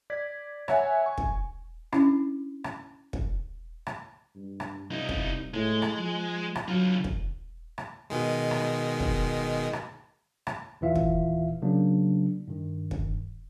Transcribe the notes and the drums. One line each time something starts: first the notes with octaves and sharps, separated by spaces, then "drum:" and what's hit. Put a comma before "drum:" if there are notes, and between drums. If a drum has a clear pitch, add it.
D5 G#6 B6
C#5 E5 F#5 G#5, drum: rim click
G#5 C#6
drum: kick
C#4 D4 E4, drum: rim click
drum: rim click
drum: kick
drum: rim click
G2
drum: rim click
C2 D#4 F4
drum: kick
A2 G#3
drum: rim click
F3
drum: rim click
D3 F#3 F4
drum: kick
drum: rim click
B2 D#3 G#3
drum: rim click
drum: kick
drum: rim click
drum: rim click
D#2 A#2 E3 F4 E5 F5
drum: kick
C#3 F#3 A#3 D4
G2 D#3
drum: kick